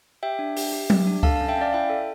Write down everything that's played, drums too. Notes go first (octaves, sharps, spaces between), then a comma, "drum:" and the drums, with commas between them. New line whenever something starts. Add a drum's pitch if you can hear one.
G4 E5 G5
D4
G4, drum: open hi-hat
G4
G4, drum: tom F#3
D4
A4 F5 A5, drum: kick C#2
C#4 F5 A5
E5 G5
C#4 D5 F5
E4 E5 G5
A4